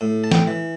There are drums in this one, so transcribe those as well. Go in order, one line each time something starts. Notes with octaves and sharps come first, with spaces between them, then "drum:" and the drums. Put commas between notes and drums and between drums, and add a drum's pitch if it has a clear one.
A2
A5
G5, drum: snare
E3